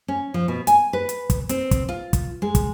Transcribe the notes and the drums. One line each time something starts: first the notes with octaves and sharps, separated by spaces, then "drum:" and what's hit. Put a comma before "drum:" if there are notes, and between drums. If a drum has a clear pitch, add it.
C#4
F3
B2
G#5, drum: hi-hat
B4
drum: hi-hat
drum: kick, hi-hat
C4, drum: hi-hat
drum: kick, hi-hat
F4
drum: kick, hi-hat
G#3
drum: kick, hi-hat